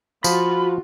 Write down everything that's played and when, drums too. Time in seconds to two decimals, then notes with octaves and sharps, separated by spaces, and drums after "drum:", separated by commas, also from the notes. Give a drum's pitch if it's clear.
0.24 F3 F4 F#4 B5, drum: tambourine